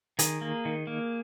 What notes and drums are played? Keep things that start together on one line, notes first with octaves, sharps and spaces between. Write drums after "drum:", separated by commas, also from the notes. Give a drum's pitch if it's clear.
D#3 G#4, drum: hi-hat
A#3
D#3
A#3